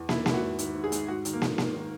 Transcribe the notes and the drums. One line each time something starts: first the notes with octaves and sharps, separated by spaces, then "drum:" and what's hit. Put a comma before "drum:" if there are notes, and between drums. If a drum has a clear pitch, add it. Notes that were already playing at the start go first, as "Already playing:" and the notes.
Already playing: E2
D#3 E4, drum: snare
G#2 E4, drum: snare
F#4
G#2
D#3, drum: hi-hat
G#2
G#4
G#2, drum: hi-hat
G#2 F#4
D#3, drum: hi-hat
A#3
G#2, drum: snare
D#3, drum: snare
D#3